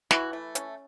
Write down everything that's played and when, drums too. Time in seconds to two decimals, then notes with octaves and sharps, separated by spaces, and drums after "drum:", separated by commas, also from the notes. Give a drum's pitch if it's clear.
0.11 E3 E4 F#4, drum: snare
0.33 A3
0.55 C#4, drum: hi-hat